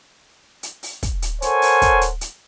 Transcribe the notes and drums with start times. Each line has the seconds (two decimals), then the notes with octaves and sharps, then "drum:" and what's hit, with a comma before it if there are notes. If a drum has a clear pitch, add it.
0.63 drum: hi-hat
0.83 drum: open hi-hat
1.03 drum: kick, hi-hat
1.22 drum: hi-hat
1.42 A4 A#4 C5 C#5 F#5 G#5, drum: hi-hat
1.62 drum: open hi-hat
1.82 drum: kick, hi-hat
2.01 drum: hi-hat
2.21 drum: hi-hat